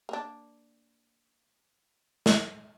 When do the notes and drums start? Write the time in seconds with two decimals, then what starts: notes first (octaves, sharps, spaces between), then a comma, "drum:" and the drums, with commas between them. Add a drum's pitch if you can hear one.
0.09 A#3 D4
2.26 drum: snare